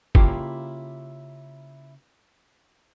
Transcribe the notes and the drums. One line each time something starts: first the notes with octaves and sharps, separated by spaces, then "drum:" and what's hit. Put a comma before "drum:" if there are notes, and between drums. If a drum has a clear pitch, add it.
C#3 A#3 E4 F4 G4, drum: kick G1